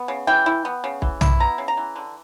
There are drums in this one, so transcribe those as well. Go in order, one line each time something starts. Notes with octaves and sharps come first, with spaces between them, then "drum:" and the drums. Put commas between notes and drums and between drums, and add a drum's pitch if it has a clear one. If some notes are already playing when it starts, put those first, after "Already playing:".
Already playing: B3
C#3
E3 G5
E4
B3
C#3
E3, drum: kick
E4, drum: tom
B3 A#5
C#3
A#5
E3
D3